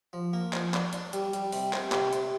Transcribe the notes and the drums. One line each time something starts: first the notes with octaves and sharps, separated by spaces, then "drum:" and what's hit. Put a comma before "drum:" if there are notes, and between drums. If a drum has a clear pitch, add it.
F3
A#3
F3, drum: clap
D4, drum: clap
D4, drum: hi-hat
G3, drum: hi-hat
G3, drum: hi-hat
C3, drum: open hi-hat
C4, drum: clap
C3, drum: clap
C3, drum: hi-hat